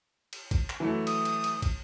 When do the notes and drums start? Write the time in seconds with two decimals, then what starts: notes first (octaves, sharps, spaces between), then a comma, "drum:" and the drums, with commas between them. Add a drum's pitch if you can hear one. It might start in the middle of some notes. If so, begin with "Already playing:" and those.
0.33 drum: cymbal
0.51 drum: kick, cymbal
0.70 drum: clap
0.80 E3 F#3 A3
1.07 D#6, drum: cymbal
1.25 drum: cymbal
1.44 drum: cymbal
1.62 drum: kick, cymbal